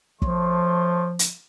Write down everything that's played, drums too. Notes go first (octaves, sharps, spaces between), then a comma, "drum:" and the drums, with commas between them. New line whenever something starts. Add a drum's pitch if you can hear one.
F3 A3 C#5 C6, drum: kick
drum: hi-hat